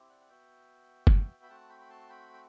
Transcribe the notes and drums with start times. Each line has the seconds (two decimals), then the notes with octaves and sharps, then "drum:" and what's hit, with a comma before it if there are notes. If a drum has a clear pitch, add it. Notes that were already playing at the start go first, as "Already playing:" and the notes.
Already playing: C4 E4 G4
0.09 D5 F#5
0.21 F#5
0.29 B3 F#4 E5 G5
1.07 drum: kick G1
1.43 B5
1.50 A3 C4 F#4 F#5 A5
1.69 G5 B5
1.81 B5
1.89 A5 C6
2.09 G5 B5
2.34 G5